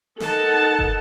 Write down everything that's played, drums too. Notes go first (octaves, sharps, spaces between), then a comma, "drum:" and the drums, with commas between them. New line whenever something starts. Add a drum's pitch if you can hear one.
D#4 A4 A#4 F#5 A5, drum: snare
drum: kick